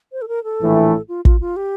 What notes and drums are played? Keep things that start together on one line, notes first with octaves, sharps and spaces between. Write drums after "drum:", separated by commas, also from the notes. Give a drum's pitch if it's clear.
C5
A4
A#4
A4
A#1 A2 E3 A3
F4
F4, drum: kick
F4
G4